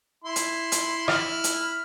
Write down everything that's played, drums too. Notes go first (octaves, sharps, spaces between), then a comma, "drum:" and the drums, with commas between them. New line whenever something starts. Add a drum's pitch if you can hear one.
E4 C6
drum: hi-hat
drum: hi-hat
E4 B5 F6, drum: rim click
drum: hi-hat